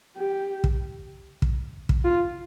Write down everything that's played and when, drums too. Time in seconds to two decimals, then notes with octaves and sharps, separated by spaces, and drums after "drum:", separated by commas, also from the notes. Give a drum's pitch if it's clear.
0.17 G4
0.64 drum: kick
1.42 drum: kick
1.89 drum: kick
2.04 F4